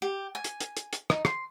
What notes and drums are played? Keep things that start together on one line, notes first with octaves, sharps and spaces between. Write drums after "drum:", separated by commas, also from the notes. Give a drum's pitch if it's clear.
G4
G#5
drum: hi-hat
drum: hi-hat
drum: hi-hat
drum: hi-hat
D#4, drum: rim click
C6, drum: rim click